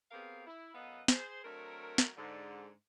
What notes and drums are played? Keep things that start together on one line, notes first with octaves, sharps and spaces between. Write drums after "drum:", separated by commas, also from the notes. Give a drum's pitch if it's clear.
B3 C4 G4 G#4 A#4 F5
E4
F#2 B3 A4 B4 D#5 F5
G#4 C5, drum: snare
F#3 A3 C4 D4 A#4
drum: snare
G#2 D3